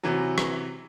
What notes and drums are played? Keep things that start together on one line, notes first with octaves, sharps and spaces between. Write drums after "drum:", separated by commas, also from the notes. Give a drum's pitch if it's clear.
C3 E3 F#3
drum: rim click